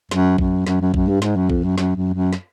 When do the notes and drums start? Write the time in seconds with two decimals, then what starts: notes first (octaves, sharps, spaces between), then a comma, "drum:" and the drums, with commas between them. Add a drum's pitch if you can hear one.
0.11 F#2, drum: snare
0.38 F#2, drum: kick A#1
0.67 F#2, drum: snare
0.81 F#2
0.94 F#2, drum: kick A#1
1.08 G2
1.22 G#2, drum: snare
1.36 F#2
1.50 F2, drum: kick A#1
1.64 F#2
1.78 F#2, drum: snare
1.96 F#2
2.13 F#2
2.33 drum: snare